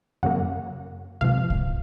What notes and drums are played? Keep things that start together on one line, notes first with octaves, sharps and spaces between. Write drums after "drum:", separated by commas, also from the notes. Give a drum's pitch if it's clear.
F#2 C#3 F#3 A#3 F#5
C#2 C3 F3 F5
drum: kick